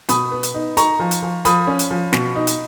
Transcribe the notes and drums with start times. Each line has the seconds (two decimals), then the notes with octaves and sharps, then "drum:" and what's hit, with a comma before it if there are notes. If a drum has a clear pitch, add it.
0.09 B2 B5 D#6, drum: hi-hat
0.31 B3
0.43 drum: hi-hat
0.55 D#4
0.77 D#4 A#5 C#6, drum: hi-hat
1.00 F3
1.11 drum: hi-hat
1.22 F3
1.45 F3 B5 D#6, drum: hi-hat
1.67 C#4
1.79 drum: hi-hat
1.91 F3
2.13 B2, drum: snare
2.35 D#4
2.47 drum: hi-hat